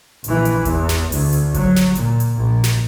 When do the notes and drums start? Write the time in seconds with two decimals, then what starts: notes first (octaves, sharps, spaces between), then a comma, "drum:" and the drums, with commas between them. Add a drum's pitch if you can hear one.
0.24 A#1 E3, drum: hi-hat
0.45 drum: hi-hat
0.65 E2, drum: kick G#1, hi-hat
0.89 drum: snare
1.12 D2, drum: open hi-hat
1.33 drum: hi-hat
1.54 F#3, drum: kick G#1, hi-hat
1.76 drum: snare
1.95 A#2, drum: hi-hat
2.20 drum: hi-hat
2.37 A#1
2.64 drum: snare